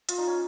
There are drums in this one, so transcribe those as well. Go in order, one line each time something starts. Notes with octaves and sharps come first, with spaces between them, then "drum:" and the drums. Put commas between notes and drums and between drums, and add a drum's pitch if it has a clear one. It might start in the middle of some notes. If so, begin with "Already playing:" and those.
F4, drum: hi-hat
D#4
C#4